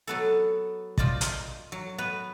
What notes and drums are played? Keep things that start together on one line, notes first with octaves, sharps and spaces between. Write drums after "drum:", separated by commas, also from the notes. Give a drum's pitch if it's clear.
F#3 B3 A4
F4 C5 D5 D#5, drum: kick
drum: hi-hat
F#3
B3 B4